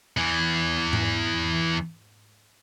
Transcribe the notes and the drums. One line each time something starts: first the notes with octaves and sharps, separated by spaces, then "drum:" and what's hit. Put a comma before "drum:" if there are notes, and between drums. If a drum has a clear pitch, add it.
E2 E3
drum: tom G#2